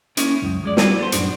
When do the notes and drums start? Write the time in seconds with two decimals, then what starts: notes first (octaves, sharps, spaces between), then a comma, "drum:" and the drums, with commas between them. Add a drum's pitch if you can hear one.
0.17 A#3 C#4 E4 C#5, drum: hi-hat
0.42 C#2 F#2 C#3
0.63 F3 G#3 D5
0.77 G3 E4 F#4 B4 D5, drum: snare
0.98 B3 A4 C5
1.12 F#2 A2 D4 F#4, drum: hi-hat